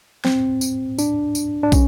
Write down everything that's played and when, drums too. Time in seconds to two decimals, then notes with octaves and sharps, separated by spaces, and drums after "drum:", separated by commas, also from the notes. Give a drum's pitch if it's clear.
0.25 C4, drum: snare
0.61 drum: tambourine
0.99 D4, drum: tambourine
1.35 drum: tambourine
1.63 D4
1.72 C#4, drum: kick, tambourine